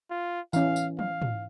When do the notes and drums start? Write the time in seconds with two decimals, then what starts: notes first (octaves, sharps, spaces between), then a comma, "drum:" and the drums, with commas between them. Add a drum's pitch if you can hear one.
0.10 F4
0.53 E3 C#4 F5, drum: tambourine
0.76 drum: tambourine
0.99 F5, drum: tom
1.22 drum: tom